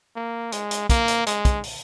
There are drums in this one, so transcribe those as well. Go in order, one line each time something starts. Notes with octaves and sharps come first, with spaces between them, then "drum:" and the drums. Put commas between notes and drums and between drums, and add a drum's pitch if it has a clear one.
A#3
G#3, drum: hi-hat
drum: hi-hat
A#3, drum: kick, hi-hat
drum: hi-hat
G#3, drum: hi-hat
drum: kick, hi-hat
drum: open hi-hat